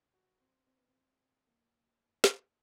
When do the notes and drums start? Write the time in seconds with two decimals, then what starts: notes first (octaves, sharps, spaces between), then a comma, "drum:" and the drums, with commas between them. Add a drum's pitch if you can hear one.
0.14 F#4
0.40 C4
0.67 C4
0.77 B3
0.88 C4
1.47 A#3
2.24 drum: snare